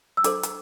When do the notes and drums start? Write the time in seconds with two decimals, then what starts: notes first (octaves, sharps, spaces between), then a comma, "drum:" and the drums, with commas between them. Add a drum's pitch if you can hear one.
0.17 E6
0.24 D4 A4 C5 D6, drum: hi-hat
0.43 drum: hi-hat